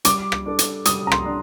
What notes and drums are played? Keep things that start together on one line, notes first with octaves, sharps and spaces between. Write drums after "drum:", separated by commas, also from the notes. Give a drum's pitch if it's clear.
G3 D6, drum: hi-hat
drum: rim click
D4 A4
drum: hi-hat
G3 D#6, drum: hi-hat
A#5
C6, drum: rim click
D4